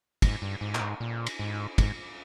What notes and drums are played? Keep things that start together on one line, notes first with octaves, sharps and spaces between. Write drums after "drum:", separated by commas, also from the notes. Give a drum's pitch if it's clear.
G#2, drum: kick, cymbal
G2
G#2
A#2, drum: clap
G#2
A#2
drum: cymbal
G#2
G#2, drum: kick, cymbal